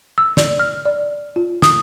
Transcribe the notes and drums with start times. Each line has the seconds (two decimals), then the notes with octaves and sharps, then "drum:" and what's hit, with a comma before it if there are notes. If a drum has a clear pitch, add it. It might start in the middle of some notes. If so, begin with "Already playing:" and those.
0.18 E6
0.37 D5, drum: snare
0.59 F6
0.85 D5
1.36 F4
1.62 D#6, drum: snare